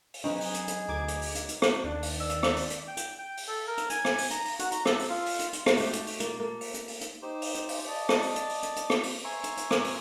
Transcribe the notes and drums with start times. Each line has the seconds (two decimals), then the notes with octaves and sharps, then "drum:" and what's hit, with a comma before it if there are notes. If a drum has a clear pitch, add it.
0.14 drum: open hi-hat
0.24 F#3 C4 D4 D#4 G#4 B4
0.41 drum: open hi-hat
0.54 drum: hi-hat
0.68 drum: hi-hat
0.88 D2 A#5 D6 G#6
1.08 drum: hi-hat
1.22 drum: open hi-hat
1.35 drum: hi-hat
1.49 drum: hi-hat
1.62 drum: rim click
1.84 D#2 D#3 A#3 D4
2.03 drum: open hi-hat
2.20 D5 E6
2.29 drum: hi-hat
2.43 drum: rim click
2.56 drum: open hi-hat
2.70 drum: hi-hat
2.88 G5
2.97 drum: hi-hat
3.18 G5
3.37 drum: open hi-hat
3.48 A4
3.67 A#4
3.78 drum: hi-hat
3.90 G#5, drum: hi-hat
4.05 drum: rim click
4.18 drum: open hi-hat
4.31 A#5, drum: hi-hat
4.45 drum: open hi-hat
4.59 F#4, drum: hi-hat
4.72 A#5, drum: hi-hat
4.86 A4, drum: rim click
4.99 drum: open hi-hat
5.09 F4
5.26 drum: open hi-hat
5.39 drum: hi-hat
5.53 drum: hi-hat
5.66 drum: rim click
5.77 A3 F#4 G4, drum: open hi-hat
5.93 drum: hi-hat
6.07 drum: open hi-hat
6.20 A#3 F4, drum: hi-hat
6.40 A#3 A4
6.61 drum: open hi-hat
6.74 drum: hi-hat
6.88 drum: open hi-hat
7.01 drum: hi-hat
7.22 D#4 G4 C5
7.42 drum: open hi-hat
7.55 drum: hi-hat
7.69 drum: open hi-hat
7.88 D5 D#5 A5
8.09 drum: rim click
8.22 drum: open hi-hat
8.36 drum: hi-hat
8.49 drum: open hi-hat
8.63 drum: hi-hat
8.76 drum: hi-hat
8.90 drum: rim click
9.03 drum: open hi-hat
9.24 E5 G#5 A#5 C6 C#6
9.44 drum: hi-hat
9.57 drum: hi-hat
9.71 drum: rim click
9.84 drum: open hi-hat